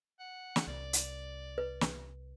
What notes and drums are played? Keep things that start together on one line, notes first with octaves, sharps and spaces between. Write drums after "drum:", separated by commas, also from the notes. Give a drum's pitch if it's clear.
F#5
drum: snare
C2 D5
drum: hi-hat
B4
drum: snare